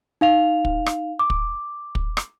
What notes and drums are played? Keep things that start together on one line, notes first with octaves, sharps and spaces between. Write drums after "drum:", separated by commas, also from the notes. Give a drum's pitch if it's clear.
D#4 F5 F7
drum: kick
drum: rim click
D6
drum: kick
drum: kick
drum: rim click